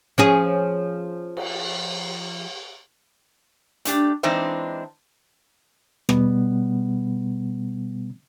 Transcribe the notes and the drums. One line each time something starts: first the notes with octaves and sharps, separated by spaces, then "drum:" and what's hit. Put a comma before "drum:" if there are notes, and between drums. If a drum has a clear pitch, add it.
F3 C#4 G#4
drum: cymbal
A3 D4 G4, drum: hi-hat
E3 G#3 C4 D4 D#4 C5
B2 G3 B3, drum: rim click